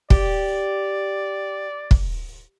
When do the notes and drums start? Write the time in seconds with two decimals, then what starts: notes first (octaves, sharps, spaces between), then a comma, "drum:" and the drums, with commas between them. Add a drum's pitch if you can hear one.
0.10 G4 D5, drum: kick
1.91 drum: kick